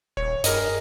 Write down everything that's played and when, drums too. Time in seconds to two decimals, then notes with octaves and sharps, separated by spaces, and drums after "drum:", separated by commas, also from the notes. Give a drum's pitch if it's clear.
0.17 D#1 C#5
0.44 G2 G#4 A#4 D#5, drum: hi-hat